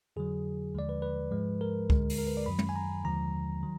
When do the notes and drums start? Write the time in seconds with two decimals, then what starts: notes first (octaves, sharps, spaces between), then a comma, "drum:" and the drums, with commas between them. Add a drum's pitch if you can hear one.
0.16 F2 D3 F#3 G#4
0.75 D#2 D3 F3 G#3 D5
0.89 B4
1.02 B4
1.31 G#2 F3 G#3
1.61 A#4
1.90 D2 D3 G#3, drum: kick C#2
2.10 drum: open hi-hat
2.19 A#4
2.27 B4
2.37 D5
2.46 F#2 D#3 F#3 B5
2.59 drum: tom
2.69 G#5
2.76 A#5
3.04 D#2 D3 F3 G#3 A#5
3.63 D#3 F#3